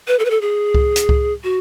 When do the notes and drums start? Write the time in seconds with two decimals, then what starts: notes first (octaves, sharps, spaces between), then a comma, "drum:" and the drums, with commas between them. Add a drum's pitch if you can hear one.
0.08 B4
0.19 A4
0.25 B4
0.30 A4
0.41 G#4
0.74 drum: kick C#2
0.96 drum: hi-hat
1.09 drum: kick C#2
1.44 F#4